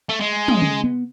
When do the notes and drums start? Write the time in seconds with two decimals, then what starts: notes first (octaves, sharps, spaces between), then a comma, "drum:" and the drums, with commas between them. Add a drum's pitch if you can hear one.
0.09 A3
0.20 G#3
0.48 drum: tom
0.62 C#4
0.84 B3